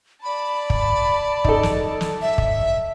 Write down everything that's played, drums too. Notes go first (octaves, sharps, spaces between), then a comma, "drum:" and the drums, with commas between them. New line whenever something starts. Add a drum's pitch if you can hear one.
D5 A5 B5
drum: kick
D#4 A4, drum: kick
drum: snare
drum: snare
E5
drum: kick